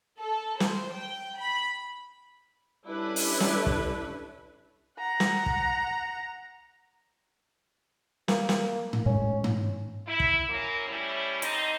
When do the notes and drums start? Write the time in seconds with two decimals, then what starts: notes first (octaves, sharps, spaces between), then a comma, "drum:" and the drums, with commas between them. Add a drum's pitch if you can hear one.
0.20 A4
0.60 C5, drum: snare
0.92 G5
1.38 B5
2.86 G3 C#4 D4 E4 A4 B4
3.16 drum: open hi-hat
3.40 drum: snare
3.66 drum: kick
4.99 F#5 A#5
5.20 drum: snare
5.46 drum: kick
8.28 A#3, drum: snare
8.49 drum: snare
8.93 drum: tom G#2
9.06 A2 G#3 C#4
9.44 drum: tom G#2
10.07 E4
10.20 drum: kick
10.49 F#3 A#3 C#4 E4 A#4
10.87 A2 G3 C#4 E4
11.42 D3 C4 D#4, drum: hi-hat